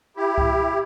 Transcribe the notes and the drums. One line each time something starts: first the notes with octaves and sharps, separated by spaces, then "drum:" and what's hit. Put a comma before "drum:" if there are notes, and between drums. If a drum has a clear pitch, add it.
E4 G4
drum: kick C2